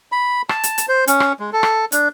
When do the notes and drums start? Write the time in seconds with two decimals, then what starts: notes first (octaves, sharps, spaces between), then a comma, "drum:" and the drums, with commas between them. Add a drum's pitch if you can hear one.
0.12 B5
0.49 A5, drum: rim click
0.63 drum: hi-hat
0.78 drum: hi-hat
0.89 C5
1.07 C#4, drum: hi-hat
1.20 drum: rim click
1.40 G#3
1.53 A4
1.63 drum: rim click
1.92 D4, drum: hi-hat